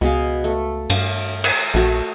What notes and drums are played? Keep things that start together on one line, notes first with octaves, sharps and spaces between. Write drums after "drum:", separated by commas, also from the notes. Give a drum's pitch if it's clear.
C#2 B2 G#4 F5
A3
G2 F5, drum: cymbal
drum: cymbal
A#1 A3 F#4